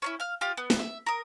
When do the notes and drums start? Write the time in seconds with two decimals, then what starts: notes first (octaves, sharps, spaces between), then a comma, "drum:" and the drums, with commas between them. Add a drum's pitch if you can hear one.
0.02 C#4 D4 E4
0.20 F5 F6
0.41 F4 G4 F5
0.57 B3
0.70 drum: snare
0.79 E5
1.06 A#4 D#6